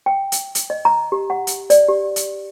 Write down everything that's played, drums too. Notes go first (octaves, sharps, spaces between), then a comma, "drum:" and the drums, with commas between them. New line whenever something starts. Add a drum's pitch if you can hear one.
G5
drum: hi-hat
drum: hi-hat
D#5
A#5
G4
F#5
drum: hi-hat
D5, drum: hi-hat
G4
drum: hi-hat